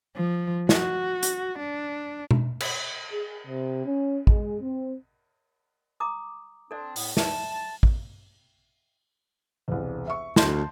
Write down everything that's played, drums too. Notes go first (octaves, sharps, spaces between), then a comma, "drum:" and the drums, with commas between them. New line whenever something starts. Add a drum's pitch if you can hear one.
F3
F#4, drum: snare
drum: hi-hat
D4
drum: tom B2
drum: cymbal
G#4
C3
C#4
G#3, drum: kick A1
C4
A#5 D6 D#6
C4 D4 A4 D5
A2 B3, drum: open hi-hat
E5 A5, drum: snare
drum: kick A1
E1 C2
E5 C#6
D2 A5 C6 G6, drum: snare